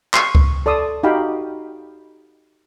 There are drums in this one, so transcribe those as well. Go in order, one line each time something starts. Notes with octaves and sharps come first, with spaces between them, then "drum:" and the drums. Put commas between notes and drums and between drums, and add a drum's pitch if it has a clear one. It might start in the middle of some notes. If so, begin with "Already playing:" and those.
C6 C#6, drum: clap
drum: kick C#2
A4 D5 C6 D#6 E6
D#4 F#4 G4 F5 G5 B5